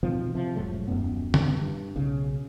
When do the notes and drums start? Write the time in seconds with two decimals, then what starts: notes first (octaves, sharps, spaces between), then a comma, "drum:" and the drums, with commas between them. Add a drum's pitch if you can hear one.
0.03 B2 D#3 F3 C4
0.35 C3 F3
0.56 E1 G#2 F#3 A3
0.88 D#1 F#2 B3
1.34 drum: tom D3
1.48 G2
1.96 B1 C#3